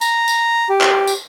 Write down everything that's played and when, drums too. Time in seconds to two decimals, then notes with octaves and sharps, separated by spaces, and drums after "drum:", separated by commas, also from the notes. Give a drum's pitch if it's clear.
0.01 A#5, drum: tambourine
0.28 drum: tambourine
0.70 G4
0.81 drum: clap
1.07 drum: tambourine